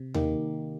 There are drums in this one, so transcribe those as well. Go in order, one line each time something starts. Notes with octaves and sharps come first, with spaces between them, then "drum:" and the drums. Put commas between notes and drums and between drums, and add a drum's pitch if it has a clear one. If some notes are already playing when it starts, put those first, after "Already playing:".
Already playing: C3
D#3 A#3 D#4 G4, drum: tom D#2